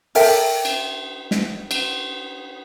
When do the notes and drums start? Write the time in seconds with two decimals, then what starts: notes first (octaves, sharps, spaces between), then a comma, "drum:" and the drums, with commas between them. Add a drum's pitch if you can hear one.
0.15 A4 A#4 E5 G5, drum: open hi-hat
0.65 drum: cymbal
1.31 drum: snare
1.71 drum: cymbal